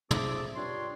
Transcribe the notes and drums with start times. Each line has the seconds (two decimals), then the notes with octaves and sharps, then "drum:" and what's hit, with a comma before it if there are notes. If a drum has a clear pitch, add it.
0.11 F3 A3 C4 G#4 A4 D6, drum: tom
0.55 G2 G3 D4 F4 C#5 C6